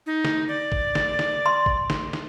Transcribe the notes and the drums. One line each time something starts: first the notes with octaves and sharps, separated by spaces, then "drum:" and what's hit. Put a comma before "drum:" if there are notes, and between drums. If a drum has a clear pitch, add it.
D#4
drum: snare
D5
drum: kick
drum: snare
drum: snare
C6
drum: kick
drum: snare
drum: snare